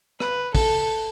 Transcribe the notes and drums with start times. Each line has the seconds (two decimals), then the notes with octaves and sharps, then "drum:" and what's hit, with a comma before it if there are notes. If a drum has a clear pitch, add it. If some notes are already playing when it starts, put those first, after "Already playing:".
0.20 B4, drum: rim click
0.55 A4, drum: kick, open hi-hat